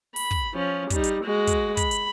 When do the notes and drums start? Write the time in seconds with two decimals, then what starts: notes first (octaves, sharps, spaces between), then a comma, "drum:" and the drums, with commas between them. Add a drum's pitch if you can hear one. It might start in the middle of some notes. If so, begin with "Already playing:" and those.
0.16 B5, drum: open hi-hat
0.31 drum: kick
0.54 F3 C#4
0.90 G3 D#4, drum: kick, hi-hat
1.04 drum: hi-hat
1.24 G#3 F#4
1.47 drum: kick, hi-hat
1.77 B5, drum: kick, hi-hat
1.91 drum: hi-hat